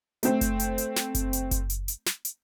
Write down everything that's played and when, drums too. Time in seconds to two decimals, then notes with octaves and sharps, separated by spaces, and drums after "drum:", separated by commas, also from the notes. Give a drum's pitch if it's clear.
0.23 A3 C4, drum: hi-hat
0.41 drum: kick F#1, hi-hat
0.60 drum: hi-hat
0.78 drum: hi-hat
0.96 drum: snare
1.15 drum: kick F#1, hi-hat
1.33 drum: hi-hat
1.51 drum: kick F#1, hi-hat
1.70 drum: hi-hat
1.88 drum: hi-hat
2.06 drum: snare
2.25 drum: hi-hat